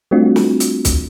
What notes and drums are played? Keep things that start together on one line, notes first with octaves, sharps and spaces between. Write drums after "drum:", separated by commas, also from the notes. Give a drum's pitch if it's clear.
G3 A3 C4 D4 F4 F#4
drum: snare
drum: hi-hat
drum: kick, hi-hat